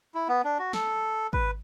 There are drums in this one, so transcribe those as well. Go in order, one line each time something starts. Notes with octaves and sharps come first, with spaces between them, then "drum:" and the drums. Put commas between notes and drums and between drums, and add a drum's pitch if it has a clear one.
E4
B3
D4
F#4
A4, drum: snare
B4, drum: kick G#1